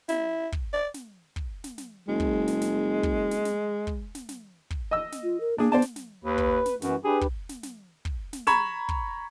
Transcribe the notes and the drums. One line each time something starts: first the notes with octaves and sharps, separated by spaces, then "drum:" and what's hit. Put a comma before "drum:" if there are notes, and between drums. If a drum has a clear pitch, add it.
E4, drum: snare
drum: kick
D5
drum: snare
drum: kick
drum: snare
drum: snare
F#1 G#3
drum: kick
drum: snare
drum: snare
drum: kick
drum: snare
drum: snare
drum: kick
drum: snare
drum: snare
drum: kick
D#5 E6
drum: snare
F4
A#4
A#3 D4 G#4
B3 C5 D5 A5
drum: snare
drum: snare
D#2 B4
drum: kick
drum: snare
F#2 E3 F#4, drum: snare
D4 G4 G#4 B4
drum: kick
drum: snare
drum: snare
drum: kick
drum: snare
A#5 B5 C#6 G#6 E7, drum: snare
drum: kick